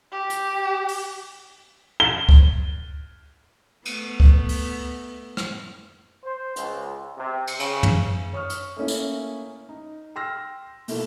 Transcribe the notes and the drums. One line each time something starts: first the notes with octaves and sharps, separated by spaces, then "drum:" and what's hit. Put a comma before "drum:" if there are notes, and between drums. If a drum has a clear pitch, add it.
G4
drum: hi-hat
drum: open hi-hat
G7
drum: kick C#2
A3 B3, drum: cymbal
drum: kick C#2
drum: open hi-hat
drum: rim click
C5
C#2, drum: hi-hat
C3
drum: cymbal
C#3, drum: cymbal
drum: tom
C#5 C#6 D#6 F6
drum: hi-hat
A3 A#3 C#4 E4
drum: tambourine
D#4
G5 C6 E6 F6 A#6
B2 A3 A#3 E4, drum: open hi-hat